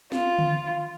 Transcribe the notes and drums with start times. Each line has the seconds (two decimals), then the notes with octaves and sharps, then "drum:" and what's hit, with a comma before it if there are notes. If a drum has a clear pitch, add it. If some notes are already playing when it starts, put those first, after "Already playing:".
0.12 F4, drum: snare
0.39 drum: tom D3